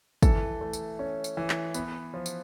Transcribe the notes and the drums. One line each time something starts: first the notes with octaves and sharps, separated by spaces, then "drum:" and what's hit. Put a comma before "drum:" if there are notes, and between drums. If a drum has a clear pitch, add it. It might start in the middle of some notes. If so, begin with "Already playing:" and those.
E3 A4, drum: kick, tambourine
A3
drum: tambourine
C#4
drum: tambourine
E3
drum: clap
B3, drum: tambourine
F3
drum: tambourine